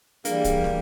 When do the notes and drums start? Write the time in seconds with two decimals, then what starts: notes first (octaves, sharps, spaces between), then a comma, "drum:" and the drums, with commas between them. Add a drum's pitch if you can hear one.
0.25 E3 G3 A#3 D4 G#4, drum: hi-hat
0.44 drum: kick, hi-hat
0.64 drum: snare